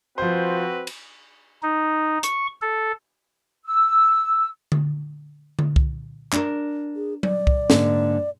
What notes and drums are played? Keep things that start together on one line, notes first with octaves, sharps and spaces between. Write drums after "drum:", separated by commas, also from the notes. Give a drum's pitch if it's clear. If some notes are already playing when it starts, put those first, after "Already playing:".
F3 C4 F#4 B4 C5
drum: cymbal
D#4
C#6, drum: hi-hat
A4
E6
drum: tom D3
drum: tom D3
drum: kick C2
D4 A#4, drum: clap
G#4
D5, drum: tom F#3
drum: kick C2
G#2 D3 A#3, drum: snare